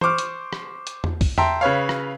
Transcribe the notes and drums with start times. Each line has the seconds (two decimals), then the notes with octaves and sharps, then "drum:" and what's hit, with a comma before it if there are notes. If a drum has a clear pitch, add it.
0.01 C5 C#6 D6 F6, drum: tom E3
0.18 drum: hi-hat
0.53 drum: rim click
0.87 drum: hi-hat
1.04 drum: tom E2
1.21 drum: kick, open hi-hat
1.38 E5 G5 A5 A#5 C6, drum: tom E2
1.61 C#3 B4 C#5 F5
1.89 drum: rim click